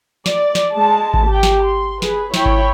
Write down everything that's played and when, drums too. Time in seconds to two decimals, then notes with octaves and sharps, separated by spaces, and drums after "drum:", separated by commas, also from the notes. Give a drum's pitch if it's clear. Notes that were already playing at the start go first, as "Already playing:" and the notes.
0.26 D5, drum: snare
0.55 drum: snare
0.73 G#3 A5
1.14 drum: kick G#1
1.28 G4 G5
1.43 drum: snare
1.64 C6
2.02 G#4 B4, drum: snare
2.34 E4 C#5 G5 B5, drum: snare
2.46 drum: kick G#1